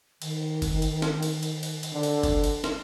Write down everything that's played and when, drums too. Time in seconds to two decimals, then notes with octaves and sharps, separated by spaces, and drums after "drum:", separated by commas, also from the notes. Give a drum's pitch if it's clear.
0.22 D#3, drum: cymbal
0.62 drum: kick F#1, cymbal
0.82 drum: cymbal
1.02 drum: snare
1.23 drum: cymbal
1.43 drum: cymbal
1.63 drum: cymbal
1.83 drum: cymbal
1.92 D3
2.03 drum: cymbal
2.23 drum: kick F#1, cymbal
2.44 drum: cymbal
2.64 drum: snare